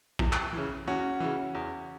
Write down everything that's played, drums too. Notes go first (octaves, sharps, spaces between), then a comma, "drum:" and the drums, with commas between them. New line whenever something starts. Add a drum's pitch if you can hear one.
E2, drum: kick A1
drum: clap
C#3 E3
E2 C#4 F#4
C#3 E3
E2